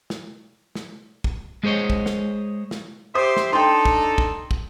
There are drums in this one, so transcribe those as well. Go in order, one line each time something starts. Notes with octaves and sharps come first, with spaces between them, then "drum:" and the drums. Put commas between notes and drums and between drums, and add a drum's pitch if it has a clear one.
drum: snare
drum: snare
drum: kick
G#3 G#4 C5 C#5 D#5
drum: kick
drum: snare
drum: snare
G4 C5 E5 C6 D#6
drum: snare
D4 D#4 A4 G5 C6
drum: kick
drum: kick
drum: kick